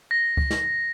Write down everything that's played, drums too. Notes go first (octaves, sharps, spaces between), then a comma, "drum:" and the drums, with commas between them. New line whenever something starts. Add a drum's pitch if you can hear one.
A#6
drum: kick C#2
drum: snare